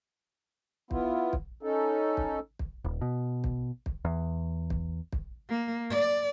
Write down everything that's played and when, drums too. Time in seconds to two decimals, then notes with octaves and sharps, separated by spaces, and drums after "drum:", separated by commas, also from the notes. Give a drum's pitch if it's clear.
0.91 B3 E4 F4, drum: kick
1.33 drum: kick
1.63 C#4 D#4 A4
2.17 drum: kick
2.59 drum: kick
2.85 D#1
3.01 B2
3.44 drum: kick
3.86 drum: kick
4.05 E2
4.70 drum: kick
5.13 drum: kick
5.49 A#3
5.90 D5